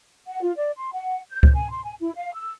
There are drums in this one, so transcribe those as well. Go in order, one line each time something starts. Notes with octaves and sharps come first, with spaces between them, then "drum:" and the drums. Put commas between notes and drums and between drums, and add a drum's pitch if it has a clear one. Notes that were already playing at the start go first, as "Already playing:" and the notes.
F#5
F4
D5
C6
F#5
G6
drum: kick C#2
G#5
C6
G#5
E4
F5
E6